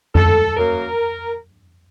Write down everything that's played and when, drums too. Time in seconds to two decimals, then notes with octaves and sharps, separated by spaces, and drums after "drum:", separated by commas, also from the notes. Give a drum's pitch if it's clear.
0.15 A4, drum: tom F2
0.57 F#2 F#3 A#3 A#4